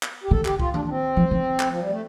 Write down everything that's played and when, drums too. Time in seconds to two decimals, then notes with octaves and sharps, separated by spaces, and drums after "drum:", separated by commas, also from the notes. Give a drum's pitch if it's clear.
0.03 drum: clap
0.24 G4
0.31 D3 A4
0.45 G4, drum: clap
0.60 F4, drum: kick C2
0.74 D4, drum: tom D#3
0.85 D4
0.89 C4
1.17 F3
1.31 D3
1.60 drum: clap
1.69 F3
1.80 G3
1.90 A3